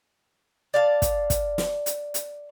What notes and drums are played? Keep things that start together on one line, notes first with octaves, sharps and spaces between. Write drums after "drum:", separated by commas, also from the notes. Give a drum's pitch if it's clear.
D5 F5 A5
drum: kick, hi-hat
drum: kick, hi-hat
drum: snare
drum: hi-hat
drum: hi-hat